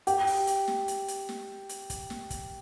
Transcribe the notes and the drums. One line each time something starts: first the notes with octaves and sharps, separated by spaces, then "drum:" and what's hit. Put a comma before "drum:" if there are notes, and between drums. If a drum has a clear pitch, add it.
G4, drum: hi-hat
drum: open hi-hat
drum: hi-hat
drum: snare
drum: hi-hat
drum: hi-hat
drum: snare
drum: hi-hat
drum: kick, hi-hat
drum: snare
drum: kick, hi-hat